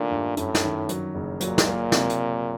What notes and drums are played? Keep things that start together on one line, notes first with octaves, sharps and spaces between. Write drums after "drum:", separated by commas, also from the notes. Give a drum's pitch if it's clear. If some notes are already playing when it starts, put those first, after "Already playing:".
Already playing: A#2 D#3 A3 D4
G2
F#2 A2, drum: hi-hat
drum: snare
D#3
F#3, drum: hi-hat
F#1
A#2 F#3, drum: hi-hat
drum: snare
A#3
C3, drum: snare
drum: hi-hat